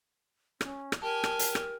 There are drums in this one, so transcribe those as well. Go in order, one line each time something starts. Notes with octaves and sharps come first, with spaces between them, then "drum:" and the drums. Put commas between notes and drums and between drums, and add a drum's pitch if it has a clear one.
C#4, drum: rim click
drum: rim click
G4 A#4 G#5 A5
drum: rim click
drum: hi-hat
drum: rim click